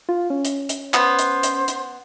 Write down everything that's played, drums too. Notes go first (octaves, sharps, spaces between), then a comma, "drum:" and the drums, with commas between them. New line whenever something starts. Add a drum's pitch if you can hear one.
F4
C#4
drum: hi-hat
drum: hi-hat
B3 C5, drum: clap
drum: hi-hat
drum: hi-hat
drum: hi-hat